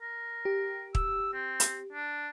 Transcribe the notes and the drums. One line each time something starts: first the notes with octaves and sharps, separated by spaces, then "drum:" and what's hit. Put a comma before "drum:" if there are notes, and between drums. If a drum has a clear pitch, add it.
A#4
G4
E6, drum: kick
C4
drum: hi-hat
D4